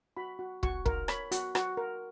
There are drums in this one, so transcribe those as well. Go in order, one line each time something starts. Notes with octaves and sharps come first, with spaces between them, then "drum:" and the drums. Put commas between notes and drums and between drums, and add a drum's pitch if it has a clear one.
F#4 B5
F#4
F#4 C#6, drum: kick
A#4, drum: kick
C#5 B5, drum: rim click
F#4, drum: hi-hat
F#4, drum: rim click
A#4